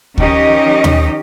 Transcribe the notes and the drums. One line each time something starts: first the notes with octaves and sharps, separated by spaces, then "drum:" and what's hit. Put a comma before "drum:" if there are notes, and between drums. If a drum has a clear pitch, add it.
D#3 F3 C#4 D#4 G4 D#5, drum: kick
drum: tom D#2